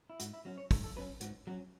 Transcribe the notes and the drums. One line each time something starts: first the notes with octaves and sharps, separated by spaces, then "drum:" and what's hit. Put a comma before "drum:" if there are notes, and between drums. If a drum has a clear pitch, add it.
E4
G#2 F#4, drum: hi-hat
E4
F#3 C#4 F#4
C#5
G#2 A4, drum: kick, open hi-hat
A4
F#3 C#4 B4
G#2 F#4, drum: hi-hat
F#3 C#4 F#4